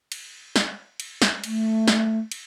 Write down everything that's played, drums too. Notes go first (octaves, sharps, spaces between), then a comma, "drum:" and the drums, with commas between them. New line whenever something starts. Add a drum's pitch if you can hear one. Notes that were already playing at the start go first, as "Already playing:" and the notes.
drum: cymbal
drum: snare
drum: cymbal
drum: snare
A3, drum: cymbal
drum: snare
drum: cymbal